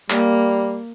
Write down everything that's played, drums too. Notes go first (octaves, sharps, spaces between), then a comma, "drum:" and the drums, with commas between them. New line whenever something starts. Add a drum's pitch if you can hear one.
G3 A#3, drum: clap